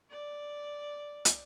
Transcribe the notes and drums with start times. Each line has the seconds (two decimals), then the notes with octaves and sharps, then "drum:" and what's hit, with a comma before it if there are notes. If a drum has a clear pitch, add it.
0.11 D5
1.25 drum: hi-hat